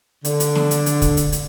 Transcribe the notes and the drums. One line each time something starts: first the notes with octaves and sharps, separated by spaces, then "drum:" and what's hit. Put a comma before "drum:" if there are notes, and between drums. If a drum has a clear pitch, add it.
D3, drum: hi-hat
drum: hi-hat
drum: snare
drum: hi-hat
drum: hi-hat
drum: kick, hi-hat
drum: hi-hat
drum: hi-hat